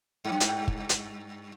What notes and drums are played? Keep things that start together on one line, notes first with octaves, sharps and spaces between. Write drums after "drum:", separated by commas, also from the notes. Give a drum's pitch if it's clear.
G2
F#2
G2, drum: hi-hat
drum: kick
drum: hi-hat